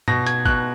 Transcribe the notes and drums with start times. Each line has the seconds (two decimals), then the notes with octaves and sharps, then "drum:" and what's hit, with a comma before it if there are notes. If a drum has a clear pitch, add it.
0.08 B2 A#6, drum: tom G2
0.26 G#6, drum: hi-hat
0.45 B2 F#6, drum: kick